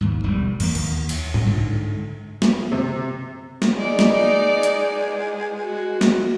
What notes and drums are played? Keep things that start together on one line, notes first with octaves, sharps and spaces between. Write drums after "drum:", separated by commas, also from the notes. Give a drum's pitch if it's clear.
D#2 G#2
E1 G3
E2 A#3, drum: cymbal
D#2, drum: cymbal
drum: cymbal
C2, drum: tom A2
G#2 D3
drum: snare
C3
drum: snare
G#3 D#4 D5
drum: snare
drum: hi-hat
F#4
drum: snare